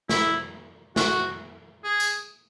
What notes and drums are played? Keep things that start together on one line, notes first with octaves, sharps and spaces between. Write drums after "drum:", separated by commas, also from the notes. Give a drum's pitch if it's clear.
E4, drum: snare
F#4, drum: snare
G#4
drum: tambourine